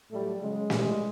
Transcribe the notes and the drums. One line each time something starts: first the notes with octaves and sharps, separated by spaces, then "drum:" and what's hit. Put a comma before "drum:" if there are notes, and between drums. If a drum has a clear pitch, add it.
A2 F#3 G3 A3
C#3 F#3 G#3
A2 E3 G3, drum: snare